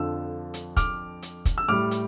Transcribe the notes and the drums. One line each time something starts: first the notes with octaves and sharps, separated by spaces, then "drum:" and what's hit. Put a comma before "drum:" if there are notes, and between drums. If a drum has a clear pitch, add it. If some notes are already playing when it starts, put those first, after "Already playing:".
Already playing: F2 D3 F3 E6
drum: hi-hat
D6 F6, drum: kick, hi-hat
drum: hi-hat
drum: kick, hi-hat
E6
A2 G3 D6 F6
drum: hi-hat